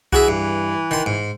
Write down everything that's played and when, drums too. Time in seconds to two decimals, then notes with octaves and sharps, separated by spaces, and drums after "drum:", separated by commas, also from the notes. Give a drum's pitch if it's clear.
0.13 E3 F#4 G#4 E5, drum: kick C2
0.28 G2
0.91 D#3 C6
1.06 G#2